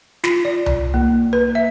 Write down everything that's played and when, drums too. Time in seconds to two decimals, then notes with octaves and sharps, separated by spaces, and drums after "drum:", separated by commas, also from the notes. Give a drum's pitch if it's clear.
0.24 F4, drum: snare
0.45 D5
0.66 drum: tom C2
0.94 A#3
1.33 B4
1.55 E5